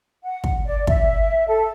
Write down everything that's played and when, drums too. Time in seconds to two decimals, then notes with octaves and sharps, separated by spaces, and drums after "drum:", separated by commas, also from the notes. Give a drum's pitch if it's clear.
0.23 F#5
0.44 drum: kick
0.66 D5
0.87 E5, drum: kick
1.47 A4